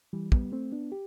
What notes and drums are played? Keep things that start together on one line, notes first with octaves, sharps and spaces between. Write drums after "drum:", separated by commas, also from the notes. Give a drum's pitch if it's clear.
E3 G3
G3 B3, drum: kick
A3 C4
B3 D4
G4